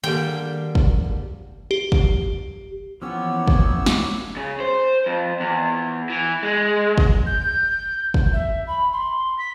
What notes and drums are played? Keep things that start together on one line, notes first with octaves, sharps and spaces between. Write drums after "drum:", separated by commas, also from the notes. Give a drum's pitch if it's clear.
D3 D#3 G3 A#3 G#4 A4 G5
drum: kick
G4
drum: kick
E3 F3 A#3 B3 C#4 G4 C#5 E6
drum: kick
drum: snare
C#3
C5
F2
E2
E3
G#3
drum: kick
G6
drum: kick
E5
B5
C6
B6